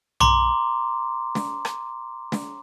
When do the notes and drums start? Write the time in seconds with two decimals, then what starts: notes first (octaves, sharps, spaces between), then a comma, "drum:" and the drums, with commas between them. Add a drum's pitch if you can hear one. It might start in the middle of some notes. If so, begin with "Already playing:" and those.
0.20 A#5 C6 D6, drum: tom A#1
1.35 drum: snare
1.65 drum: rim click
2.32 drum: snare